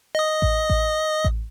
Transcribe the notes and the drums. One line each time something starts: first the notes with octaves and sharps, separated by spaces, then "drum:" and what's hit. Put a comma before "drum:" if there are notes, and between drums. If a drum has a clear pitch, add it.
D#5 D#6
drum: kick A1
drum: kick A1
drum: kick A1